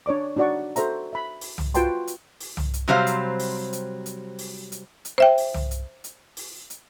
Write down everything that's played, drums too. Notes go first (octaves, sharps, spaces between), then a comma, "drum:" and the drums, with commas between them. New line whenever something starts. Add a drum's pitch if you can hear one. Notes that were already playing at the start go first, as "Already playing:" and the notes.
D4 C#5 D5 D6
D4 D#4 F#4 D5 F#5 C#6
F#4 A4 C5 E5 A#5, drum: hi-hat
E5 B5
drum: open hi-hat
drum: tom C2
F4 F#4 B4 G5 A5 C6, drum: hi-hat
drum: hi-hat
drum: open hi-hat
drum: tom C2
drum: hi-hat
C3 F#3 G3 C4 C5 F5
drum: hi-hat
drum: open hi-hat
drum: hi-hat
drum: hi-hat
drum: open hi-hat
drum: hi-hat
drum: hi-hat
C5 E5 G5
drum: open hi-hat
drum: tom C2
drum: hi-hat
drum: hi-hat
drum: open hi-hat
drum: hi-hat